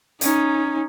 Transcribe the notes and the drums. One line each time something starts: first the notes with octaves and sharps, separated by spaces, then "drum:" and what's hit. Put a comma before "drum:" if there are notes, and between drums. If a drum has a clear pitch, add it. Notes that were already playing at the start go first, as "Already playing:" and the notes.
C#4 D#4, drum: hi-hat